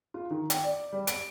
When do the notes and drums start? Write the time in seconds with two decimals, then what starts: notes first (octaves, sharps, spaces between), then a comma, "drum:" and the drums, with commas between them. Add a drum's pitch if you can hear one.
0.14 F4
0.30 D#3
0.50 G5, drum: hi-hat
0.64 D5
0.93 G3
1.07 D7, drum: hi-hat